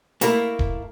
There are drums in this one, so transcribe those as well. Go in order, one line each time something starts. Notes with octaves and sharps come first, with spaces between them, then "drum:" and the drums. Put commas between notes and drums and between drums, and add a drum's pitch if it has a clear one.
A3 A#3 E4 A#4, drum: hi-hat
drum: kick D#1